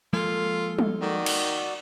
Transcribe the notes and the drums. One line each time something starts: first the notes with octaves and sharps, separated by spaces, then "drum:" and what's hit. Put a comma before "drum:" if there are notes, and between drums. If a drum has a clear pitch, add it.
F3 G#3 A#3 F4 A4
drum: tom G3
D#3 F#4 D5
drum: cymbal